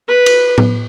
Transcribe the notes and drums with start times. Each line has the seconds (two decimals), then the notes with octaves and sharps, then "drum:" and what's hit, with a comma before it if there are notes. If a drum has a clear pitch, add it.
0.08 B4
0.26 drum: cymbal
0.58 drum: tom